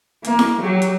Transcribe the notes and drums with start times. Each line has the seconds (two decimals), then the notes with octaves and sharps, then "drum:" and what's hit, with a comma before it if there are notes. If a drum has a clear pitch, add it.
0.25 A#3, drum: hi-hat
0.39 drum: snare E4
0.61 F#3 G4
0.82 drum: hi-hat